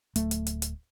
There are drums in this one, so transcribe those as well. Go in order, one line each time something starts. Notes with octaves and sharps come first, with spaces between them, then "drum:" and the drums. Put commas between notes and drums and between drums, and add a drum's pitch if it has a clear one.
D1 A3, drum: hi-hat
drum: hi-hat
drum: hi-hat
drum: hi-hat